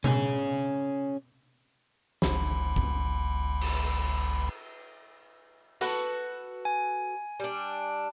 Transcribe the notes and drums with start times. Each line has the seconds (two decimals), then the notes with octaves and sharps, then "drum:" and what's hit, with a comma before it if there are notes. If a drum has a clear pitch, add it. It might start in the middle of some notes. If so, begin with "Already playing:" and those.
0.04 C#4 G#4, drum: tom B2
2.22 G1 C#2 B5, drum: snare
2.76 drum: kick G1
3.61 drum: cymbal
5.81 F#4 A4 B4, drum: hi-hat
6.65 G#5
7.40 G3 D4